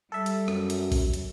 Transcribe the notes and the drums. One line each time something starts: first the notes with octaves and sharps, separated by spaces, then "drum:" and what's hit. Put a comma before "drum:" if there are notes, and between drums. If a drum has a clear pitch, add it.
G3 A4 E5
drum: hi-hat
F#2, drum: rim click
drum: hi-hat
drum: kick A#1, open hi-hat
drum: hi-hat